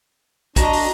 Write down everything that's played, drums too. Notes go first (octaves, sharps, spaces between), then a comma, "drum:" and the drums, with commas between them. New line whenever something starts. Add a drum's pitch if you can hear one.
D4 F#4 D#5 A#5, drum: kick, hi-hat
drum: open hi-hat